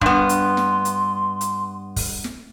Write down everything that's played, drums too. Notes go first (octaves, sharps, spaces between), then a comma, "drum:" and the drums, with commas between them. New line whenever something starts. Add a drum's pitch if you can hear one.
G2 B3 C6, drum: kick
drum: hi-hat
drum: snare
drum: hi-hat
drum: hi-hat
drum: kick, open hi-hat
drum: snare